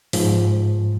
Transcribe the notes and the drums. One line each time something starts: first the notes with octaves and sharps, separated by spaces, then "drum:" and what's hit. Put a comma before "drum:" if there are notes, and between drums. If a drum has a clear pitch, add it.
G#2 F3, drum: open hi-hat